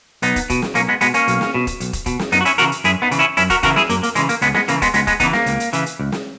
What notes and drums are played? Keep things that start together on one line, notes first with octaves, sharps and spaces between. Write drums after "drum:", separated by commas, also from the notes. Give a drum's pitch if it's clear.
B1 B3 D#4, drum: hi-hat
drum: kick, hi-hat
B2, drum: kick, hi-hat
drum: snare
B1 A#3 C#4, drum: hi-hat
G#3 B3
B2 G#3 B3, drum: hi-hat
A#3 C#4, drum: hi-hat
B1, drum: hi-hat
drum: snare
B2
drum: kick, hi-hat
B1, drum: hi-hat
drum: kick, hi-hat
B2, drum: kick, hi-hat
drum: snare
F#2 B3 D#4, drum: hi-hat
F#4
C#4 E4, drum: hi-hat
C#3 E3 F#4 A#4, drum: hi-hat
drum: hi-hat
F#2 E4 G#4, drum: hi-hat
B3 D#4
C#3 E3, drum: hi-hat
C#4 E4
F#2 C#4 E4, drum: hi-hat
F#4 A#4, drum: kick, hi-hat
C#3 E3 F#4 A#4, drum: kick, hi-hat
E4 G#4, drum: snare
F#2 A#3, drum: hi-hat
A#3, drum: hi-hat
C#3 E3 G#3, drum: hi-hat
A#3, drum: hi-hat
C#2 G#3 B3, drum: hi-hat
G#3 B3, drum: snare
C#3 E3 A#3, drum: hi-hat
G#3 B3, drum: kick, hi-hat
C#2 G#3 B3, drum: hi-hat
G#3 B3, drum: kick, hi-hat
C#3 E3 B3 D#4, drum: kick, hi-hat
A#3, drum: snare
C#2, drum: hi-hat
drum: hi-hat
C#3 E3, drum: hi-hat
drum: hi-hat
C#2
drum: snare